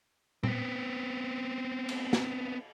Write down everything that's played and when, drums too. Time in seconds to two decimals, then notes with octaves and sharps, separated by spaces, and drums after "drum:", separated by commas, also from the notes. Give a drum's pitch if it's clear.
0.43 B3 C4, drum: tom A#2
1.89 drum: cymbal
2.13 drum: snare